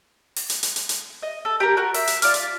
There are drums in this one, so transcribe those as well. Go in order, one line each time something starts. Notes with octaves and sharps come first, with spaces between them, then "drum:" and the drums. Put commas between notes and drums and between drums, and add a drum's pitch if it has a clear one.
drum: open hi-hat
drum: hi-hat
drum: hi-hat
drum: hi-hat
drum: hi-hat
D#5
A4
G4 A#4
F#4 A#4
E5, drum: open hi-hat
drum: hi-hat
F4 D5 D6 F6, drum: hi-hat
drum: hi-hat